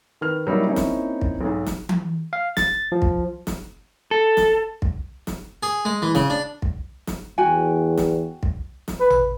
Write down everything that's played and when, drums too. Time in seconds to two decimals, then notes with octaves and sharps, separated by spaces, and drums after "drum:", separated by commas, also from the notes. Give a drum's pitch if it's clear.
0.21 D#3 B4 F6 F7
0.47 F#3 G3 A#3 D#4 E4
0.67 A#3 C4 C#4 D#4 E4
0.76 drum: snare
1.21 drum: kick
1.41 B1 G#2
1.67 drum: snare
1.89 drum: tom E3
2.33 F5
2.57 A6, drum: snare
2.92 F3
3.02 drum: kick
3.47 drum: snare
4.11 A4
4.37 drum: snare
4.82 drum: kick
5.27 drum: snare
5.63 G#4
5.85 G#3
6.02 E3
6.15 C#3, drum: snare
6.30 D4
6.62 drum: kick
7.07 drum: snare
7.38 E2 F#4 G5 G#5
7.98 drum: snare
8.43 drum: kick
8.88 drum: snare
9.01 B4
9.10 drum: tom A1